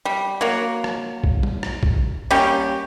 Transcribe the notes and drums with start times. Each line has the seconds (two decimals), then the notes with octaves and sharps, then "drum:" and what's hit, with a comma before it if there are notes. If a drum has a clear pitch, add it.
0.05 G3
0.41 F#3 A#3
0.84 drum: rim click
1.24 drum: kick A#1
1.43 drum: tom
1.63 drum: rim click
1.83 drum: kick A#1
2.31 G3 A#3 C#4 G4